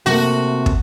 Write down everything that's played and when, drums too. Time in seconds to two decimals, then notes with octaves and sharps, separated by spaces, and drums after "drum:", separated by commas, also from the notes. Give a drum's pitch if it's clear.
0.06 C3 A3 A#3 F#4
0.66 drum: kick